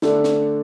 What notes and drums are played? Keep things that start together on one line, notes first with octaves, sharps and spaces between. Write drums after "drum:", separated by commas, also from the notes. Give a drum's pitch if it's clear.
D3 A3 D4 A4, drum: snare
drum: snare